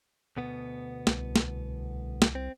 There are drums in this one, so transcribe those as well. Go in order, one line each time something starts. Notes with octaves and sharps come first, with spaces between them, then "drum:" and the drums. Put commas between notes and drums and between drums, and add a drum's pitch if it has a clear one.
D2 B2 B3
C2, drum: snare
drum: snare
drum: snare
C4